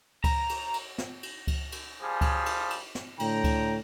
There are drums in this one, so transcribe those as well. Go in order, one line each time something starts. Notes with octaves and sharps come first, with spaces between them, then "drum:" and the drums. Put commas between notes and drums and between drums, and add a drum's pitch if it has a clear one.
A#5, drum: kick C#2, cymbal
drum: cymbal
drum: cymbal
drum: snare
drum: cymbal
drum: kick C#2, cymbal
drum: cymbal
F3 G3 G#4
drum: kick C#2, cymbal
drum: cymbal
drum: cymbal
drum: snare
A2 D3 G5 A#5, drum: cymbal
drum: kick C#2, cymbal